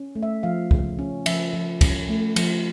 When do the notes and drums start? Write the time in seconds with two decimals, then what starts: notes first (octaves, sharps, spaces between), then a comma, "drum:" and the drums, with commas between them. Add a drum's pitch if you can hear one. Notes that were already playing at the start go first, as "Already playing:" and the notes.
Already playing: C#4
0.16 A3
0.23 E5
0.43 F3 F5
0.71 C#3, drum: kick
0.99 C#4
1.26 F3 E5, drum: cymbal
1.54 F3
1.81 C#4, drum: kick, cymbal
2.09 A3
2.36 F3, drum: cymbal